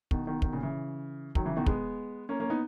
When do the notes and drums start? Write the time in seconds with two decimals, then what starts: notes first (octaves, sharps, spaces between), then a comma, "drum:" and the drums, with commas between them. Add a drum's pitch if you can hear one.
0.11 B2 D#3, drum: kick
0.27 B2 D#3
0.42 B2 D#3, drum: kick
0.53 A#2 C#3
0.63 C#3 E3
1.35 D#3 F#3, drum: kick
1.46 C#3 E3
1.57 B2 D#3
1.66 G#3 B3, drum: kick
2.29 A#3 C#4
2.40 A#3 C#4
2.50 B3 D#4